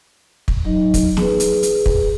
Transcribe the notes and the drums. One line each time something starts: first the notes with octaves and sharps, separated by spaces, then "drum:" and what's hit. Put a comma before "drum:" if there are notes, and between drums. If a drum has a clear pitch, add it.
drum: kick
F#3 D#4 D#5
drum: kick, hi-hat
G#4 B4, drum: snare
drum: hi-hat
drum: hi-hat
drum: kick